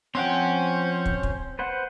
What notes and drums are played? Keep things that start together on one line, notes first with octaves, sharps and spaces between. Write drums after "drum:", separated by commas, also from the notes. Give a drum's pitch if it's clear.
F3 C4 C#4 C5 F#5 G5 C6
drum: kick
drum: kick
B4 C5 F#5